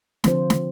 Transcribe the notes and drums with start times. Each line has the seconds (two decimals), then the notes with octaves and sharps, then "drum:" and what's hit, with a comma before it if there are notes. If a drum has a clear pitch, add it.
0.24 D3 F3 C4 F4 C5, drum: snare
0.50 drum: snare